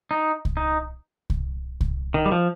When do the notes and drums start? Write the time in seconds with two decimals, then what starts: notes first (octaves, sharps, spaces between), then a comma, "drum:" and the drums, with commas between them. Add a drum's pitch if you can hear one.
0.11 D#4
0.45 drum: kick C2
0.57 D#4
1.30 drum: kick C2
1.81 drum: kick C2
2.14 D#3
2.26 G3
2.32 F3